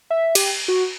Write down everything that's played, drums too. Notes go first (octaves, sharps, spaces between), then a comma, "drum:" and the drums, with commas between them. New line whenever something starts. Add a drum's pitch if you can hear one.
E5
G4, drum: cymbal
F#4